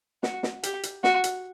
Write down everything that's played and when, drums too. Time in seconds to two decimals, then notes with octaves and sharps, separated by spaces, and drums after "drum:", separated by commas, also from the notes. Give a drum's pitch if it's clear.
0.23 F#4, drum: snare
0.43 drum: snare
0.63 G4, drum: hi-hat
0.83 drum: hi-hat
1.04 F#4, drum: snare
1.24 drum: hi-hat